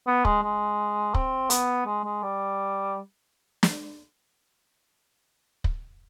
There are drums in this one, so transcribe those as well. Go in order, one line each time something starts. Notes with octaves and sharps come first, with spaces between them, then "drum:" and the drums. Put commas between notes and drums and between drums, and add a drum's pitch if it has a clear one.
B3
G#3, drum: kick
G#3
C4, drum: kick
B3, drum: hi-hat
G#3
G#3
G3
drum: snare
drum: kick